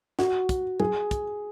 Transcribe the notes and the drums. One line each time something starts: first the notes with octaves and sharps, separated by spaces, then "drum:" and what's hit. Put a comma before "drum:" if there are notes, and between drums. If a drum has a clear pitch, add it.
F#4, drum: snare
drum: kick, hi-hat
G#4, drum: tom F#3
drum: kick, hi-hat